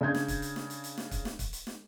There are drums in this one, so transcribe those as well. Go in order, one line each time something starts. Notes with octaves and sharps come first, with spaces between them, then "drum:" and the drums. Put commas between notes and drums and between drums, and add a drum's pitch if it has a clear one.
C#3 D4 G6 G#6
drum: snare
drum: kick, hi-hat
drum: hi-hat
drum: snare
drum: hi-hat
drum: hi-hat
drum: snare
drum: kick, hi-hat
drum: snare
drum: kick, hi-hat
drum: hi-hat
drum: snare